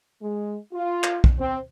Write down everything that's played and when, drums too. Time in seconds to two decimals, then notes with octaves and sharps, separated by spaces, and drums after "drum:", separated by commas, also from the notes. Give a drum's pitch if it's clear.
0.22 G#3
0.73 F4
1.04 drum: clap
1.24 drum: kick
1.39 C4